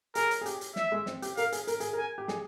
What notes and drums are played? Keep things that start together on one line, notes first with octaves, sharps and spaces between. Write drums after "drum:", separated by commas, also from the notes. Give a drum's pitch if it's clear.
G#4 A#4, drum: hi-hat
drum: hi-hat
G#4
G4, drum: hi-hat
drum: hi-hat
E5, drum: snare
G#3
C4, drum: snare
G4, drum: hi-hat
A#4 F5, drum: hi-hat
G#4, drum: hi-hat
A#4, drum: hi-hat
G#4, drum: hi-hat
A#4 G#5
G4
G#4, drum: snare